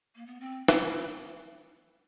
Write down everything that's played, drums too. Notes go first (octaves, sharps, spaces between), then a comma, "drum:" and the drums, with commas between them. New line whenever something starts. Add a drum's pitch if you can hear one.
A#3
B3
C4
E4, drum: snare
E4